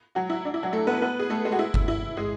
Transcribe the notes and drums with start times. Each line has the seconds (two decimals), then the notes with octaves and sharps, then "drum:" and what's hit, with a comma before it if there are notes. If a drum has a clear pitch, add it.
0.15 F#3 F#4
0.30 E4
0.45 D4
0.54 E4
0.63 F#3 F#4
0.73 A3 A4
0.87 B3 B4
1.02 B3 B4
1.19 G#4
1.30 A3 A4
1.45 G#3 G#4
1.52 F#4
1.59 E4
1.74 drum: kick G1
1.88 E4
2.17 G#3 G#4